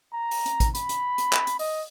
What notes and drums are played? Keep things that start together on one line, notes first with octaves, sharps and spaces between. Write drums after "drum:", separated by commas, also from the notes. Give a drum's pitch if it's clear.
A#5
drum: open hi-hat
drum: hi-hat
drum: kick A1, hi-hat
B5, drum: hi-hat
drum: hi-hat
drum: hi-hat
drum: clap
drum: hi-hat
D#5, drum: open hi-hat